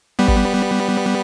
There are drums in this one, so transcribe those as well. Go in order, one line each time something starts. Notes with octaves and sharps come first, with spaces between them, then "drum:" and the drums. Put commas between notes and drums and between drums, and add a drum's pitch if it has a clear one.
G3 B3
drum: kick